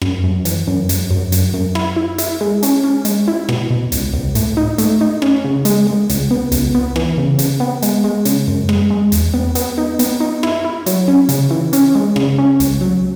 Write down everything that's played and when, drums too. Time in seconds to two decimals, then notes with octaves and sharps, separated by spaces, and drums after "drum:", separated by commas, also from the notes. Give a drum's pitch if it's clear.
0.02 F#2, drum: rim click
0.24 F#2
0.45 E3, drum: hi-hat
0.67 F#2
0.89 F#2, drum: hi-hat
1.11 F#2
1.32 F#2, drum: hi-hat
1.54 F#2
1.75 E4, drum: rim click
1.96 E4
2.18 E4, drum: hi-hat
2.41 G#3
2.63 C#4, drum: hi-hat
2.84 C#4
3.05 G#3, drum: hi-hat
3.28 E4
3.49 B2, drum: rim click
3.70 B2
3.92 C#2, drum: hi-hat
4.13 C#2
4.35 A2, drum: hi-hat
4.57 D#4
4.78 A3, drum: hi-hat
5.01 D#4
5.22 C#4, drum: rim click
5.44 C#3
5.65 G#3, drum: hi-hat
5.87 G#3
6.10 C#2, drum: hi-hat
6.31 B3
6.52 C#2, drum: hi-hat
6.75 B3
6.96 E3, drum: rim click
7.18 C#3
7.39 C#3, drum: hi-hat
7.60 B3
7.82 G#3, drum: hi-hat
8.04 G#3
8.25 C#3, drum: hi-hat
8.47 F#2
8.69 G#3, drum: rim click
8.90 G#3
9.12 E2, drum: hi-hat
9.34 B3
9.55 B3, drum: hi-hat
9.78 D#4
9.99 B3, drum: hi-hat
10.20 D#4
10.43 E4, drum: rim click
10.64 E4
10.86 F#3, drum: hi-hat
11.08 C#4
11.29 C#3, drum: hi-hat
11.51 E3
11.73 C#4, drum: hi-hat
11.95 G#3
12.16 C#3, drum: rim click
12.38 C#4
12.60 C#2, drum: hi-hat
12.81 F#3